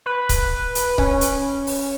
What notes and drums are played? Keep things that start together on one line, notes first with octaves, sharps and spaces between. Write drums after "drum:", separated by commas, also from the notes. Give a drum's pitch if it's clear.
B4
drum: kick C#1, hi-hat
drum: hi-hat
C#4, drum: kick C#1
drum: hi-hat
drum: open hi-hat